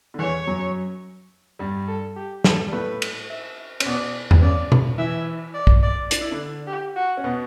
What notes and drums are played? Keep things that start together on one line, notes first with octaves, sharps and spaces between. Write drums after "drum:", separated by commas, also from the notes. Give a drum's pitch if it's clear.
D3
E2 E3 C#5
F#2 F#3
G2 G3
A4
G4
A4, drum: snare
G3
A2 A3 B4
drum: cymbal
E5
C#4, drum: cymbal
B2 B3 D5
B3, drum: tom E2
C#3 C#4 D5
drum: tom B2
E3 E4 E5
D5
drum: kick
D5
D4 D5, drum: hi-hat
E4
D3 D4
G4
F#4
C#4
B2 B3